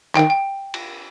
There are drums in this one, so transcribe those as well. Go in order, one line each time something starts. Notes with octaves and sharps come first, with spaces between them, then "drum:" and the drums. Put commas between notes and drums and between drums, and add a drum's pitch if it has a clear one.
D#3 G5, drum: clap
G5
drum: cymbal